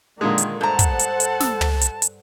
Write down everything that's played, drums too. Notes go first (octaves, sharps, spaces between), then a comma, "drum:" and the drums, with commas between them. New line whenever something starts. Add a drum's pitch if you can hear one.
A#2 D3 D#3 G#3
drum: hi-hat
G2 A4 C5 F#5 A5 A#5
drum: kick, hi-hat
drum: hi-hat
drum: hi-hat
E6, drum: snare
drum: tom
drum: hi-hat
drum: hi-hat